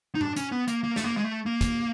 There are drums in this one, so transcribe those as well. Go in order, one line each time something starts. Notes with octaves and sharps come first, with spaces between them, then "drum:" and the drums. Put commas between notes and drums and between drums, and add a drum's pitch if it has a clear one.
D#4
D4, drum: tom A#2
C#4, drum: hi-hat
B3
A#3, drum: hi-hat
A#3
A3, drum: snare
A#3
G#3
A3
A#3
drum: kick, hi-hat